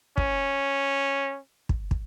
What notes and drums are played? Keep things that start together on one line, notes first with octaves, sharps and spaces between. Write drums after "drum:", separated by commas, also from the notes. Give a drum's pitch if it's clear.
C#4, drum: kick
drum: kick
drum: kick